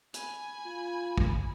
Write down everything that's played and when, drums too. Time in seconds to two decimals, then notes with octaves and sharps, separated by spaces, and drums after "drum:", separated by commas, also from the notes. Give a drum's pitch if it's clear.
0.14 G#5 B5, drum: hi-hat
0.66 F4
1.18 drum: kick